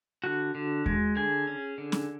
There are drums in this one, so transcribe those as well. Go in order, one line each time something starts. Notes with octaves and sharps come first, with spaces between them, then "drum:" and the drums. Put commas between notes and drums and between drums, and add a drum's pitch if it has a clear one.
D3 F#4
D3
G#3, drum: kick D#2
D3 G#4
C#4
D3
drum: snare